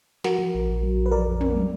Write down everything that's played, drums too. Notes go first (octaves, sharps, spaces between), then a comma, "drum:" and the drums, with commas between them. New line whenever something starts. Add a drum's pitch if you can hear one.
F3 F#4 A#4, drum: snare
F3
A#1
A#1
F#3
A#1
B4
F3 A#4 D5
F2
F2, drum: tom
F#3